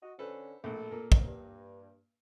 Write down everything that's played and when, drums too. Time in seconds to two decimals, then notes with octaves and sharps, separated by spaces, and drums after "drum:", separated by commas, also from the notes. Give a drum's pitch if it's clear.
0.03 F#4 D#5
0.19 D3 C#4 A4 B4 C5
0.64 A#1 A2 A4
0.91 A#2 A#3
1.12 drum: kick
1.25 G2